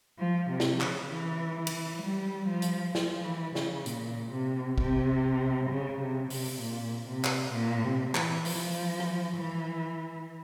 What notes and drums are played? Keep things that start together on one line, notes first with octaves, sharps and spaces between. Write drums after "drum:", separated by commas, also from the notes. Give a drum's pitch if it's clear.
F3
C3
drum: snare
C#3, drum: clap
E3
drum: cymbal
G3
F3
drum: hi-hat
F3, drum: snare
E3
C#3, drum: snare
A#2, drum: hi-hat
C3
C3, drum: kick
C#3
C3
C3, drum: open hi-hat
A#2
C3
drum: clap
A#2
C3
E3, drum: clap
F3, drum: open hi-hat
drum: rim click
E3